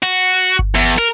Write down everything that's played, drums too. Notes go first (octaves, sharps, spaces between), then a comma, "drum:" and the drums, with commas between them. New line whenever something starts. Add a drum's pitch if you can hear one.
F#4
drum: kick G1
E2
A#4